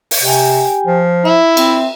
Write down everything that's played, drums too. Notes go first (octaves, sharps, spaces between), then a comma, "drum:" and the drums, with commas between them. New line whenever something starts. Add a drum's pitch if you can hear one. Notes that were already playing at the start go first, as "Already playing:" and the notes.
drum: open hi-hat
C3 G4 G5 G#5
F3
E4 E5
C4, drum: cymbal